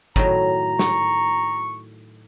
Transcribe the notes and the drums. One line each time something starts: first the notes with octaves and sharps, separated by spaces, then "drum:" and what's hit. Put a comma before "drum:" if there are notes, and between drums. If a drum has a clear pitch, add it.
A2 D#3 F#3 A#5, drum: kick G1
C#6, drum: snare